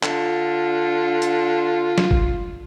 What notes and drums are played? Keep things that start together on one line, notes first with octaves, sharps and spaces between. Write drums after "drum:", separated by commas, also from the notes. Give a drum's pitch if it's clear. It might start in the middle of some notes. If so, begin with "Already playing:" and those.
D3 F4, drum: clap
drum: hi-hat
drum: snare
drum: kick